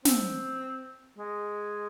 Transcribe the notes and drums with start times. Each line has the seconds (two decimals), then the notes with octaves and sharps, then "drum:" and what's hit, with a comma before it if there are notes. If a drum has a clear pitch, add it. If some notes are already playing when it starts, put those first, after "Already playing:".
0.05 C4, drum: snare
1.18 G#3